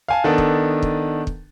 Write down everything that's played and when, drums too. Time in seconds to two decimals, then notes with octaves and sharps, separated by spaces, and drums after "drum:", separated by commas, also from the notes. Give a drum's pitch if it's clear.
0.08 F5 G#5 A5
0.24 D#3 B3 D4 A4
0.38 drum: kick
0.83 drum: kick
1.27 drum: kick